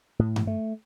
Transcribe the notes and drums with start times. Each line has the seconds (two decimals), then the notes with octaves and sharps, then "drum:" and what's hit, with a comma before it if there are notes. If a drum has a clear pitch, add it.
0.19 A2
0.36 drum: tom G2
0.47 A3